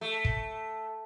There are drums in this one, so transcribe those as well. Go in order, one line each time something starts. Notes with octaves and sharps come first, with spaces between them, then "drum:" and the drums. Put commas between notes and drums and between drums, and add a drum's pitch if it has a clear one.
A3
drum: kick